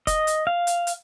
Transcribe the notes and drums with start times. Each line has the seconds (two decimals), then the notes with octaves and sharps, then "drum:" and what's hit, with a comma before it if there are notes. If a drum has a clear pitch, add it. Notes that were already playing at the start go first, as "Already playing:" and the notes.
0.07 D#5, drum: kick F1, hi-hat
0.27 drum: hi-hat
0.47 F5
0.67 drum: hi-hat
0.87 drum: hi-hat